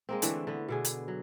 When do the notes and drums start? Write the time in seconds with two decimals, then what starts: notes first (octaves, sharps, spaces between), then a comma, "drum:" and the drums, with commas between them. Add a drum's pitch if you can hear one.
0.09 G#3 A#3 C4
0.22 D3 E3 A3 D4, drum: hi-hat
0.47 D3 B3
0.68 B2 D3 G#4
0.84 drum: hi-hat
1.08 F#3